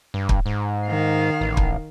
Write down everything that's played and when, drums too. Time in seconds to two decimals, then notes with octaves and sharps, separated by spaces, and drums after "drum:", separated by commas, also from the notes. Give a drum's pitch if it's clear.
0.14 G2
0.29 drum: kick
0.46 G#2
0.87 D#3 F5
1.41 A1
1.57 drum: kick